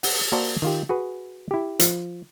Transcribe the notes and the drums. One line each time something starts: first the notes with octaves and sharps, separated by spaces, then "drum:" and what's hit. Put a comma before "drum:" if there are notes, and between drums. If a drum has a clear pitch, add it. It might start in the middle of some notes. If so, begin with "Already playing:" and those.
F#5, drum: open hi-hat
A#3 F#4 A#4 C5 D5 A5
D#3 F4 G4
F#4 G#4 B4
E4 G4
F3, drum: hi-hat